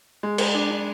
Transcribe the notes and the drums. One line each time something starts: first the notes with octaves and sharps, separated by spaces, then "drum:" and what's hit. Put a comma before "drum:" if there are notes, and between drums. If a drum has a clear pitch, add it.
G#3
G#3, drum: cymbal
D4
D4